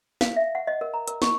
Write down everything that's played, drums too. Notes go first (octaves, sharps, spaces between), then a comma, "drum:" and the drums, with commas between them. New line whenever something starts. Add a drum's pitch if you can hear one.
F5, drum: snare
E5
F#5
D#5
A#4
A#5
A#4, drum: hi-hat
C#6, drum: snare